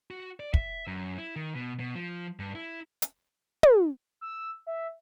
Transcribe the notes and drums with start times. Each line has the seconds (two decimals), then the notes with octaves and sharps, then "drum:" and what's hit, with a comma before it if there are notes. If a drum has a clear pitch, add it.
0.11 F#4
0.40 D5
0.54 E5, drum: kick
0.87 F#2
1.18 E4
1.36 D#3
1.55 B2
1.80 B2
1.95 F3
2.39 G2
2.55 E4
3.02 drum: hi-hat
3.63 drum: tom
4.21 E6
4.67 E5